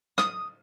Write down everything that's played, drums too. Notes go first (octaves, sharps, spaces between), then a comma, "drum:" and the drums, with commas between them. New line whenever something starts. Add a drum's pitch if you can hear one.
D#6, drum: rim click